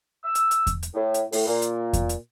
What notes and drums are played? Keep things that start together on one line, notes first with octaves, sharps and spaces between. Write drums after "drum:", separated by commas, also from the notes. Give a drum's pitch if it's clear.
E6
drum: hi-hat
drum: hi-hat
drum: kick E2, hi-hat
drum: hi-hat
A2
drum: hi-hat
A2, drum: open hi-hat
A#2
drum: hi-hat
drum: kick E2, hi-hat
drum: hi-hat